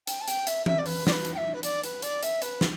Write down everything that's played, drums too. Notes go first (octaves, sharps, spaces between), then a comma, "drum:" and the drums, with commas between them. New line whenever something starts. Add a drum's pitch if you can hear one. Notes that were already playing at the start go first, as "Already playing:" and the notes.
G5, drum: hi-hat
A5
G5, drum: hi-hat
E5, drum: hi-hat
E5, drum: tom E3
D5
B4, drum: open hi-hat
D5, drum: snare
B4
drum: hi-hat
G5
E5
B4
D5, drum: hi-hat
B4, drum: hi-hat
D5, drum: hi-hat
E5, drum: hi-hat
B4, drum: hi-hat
drum: snare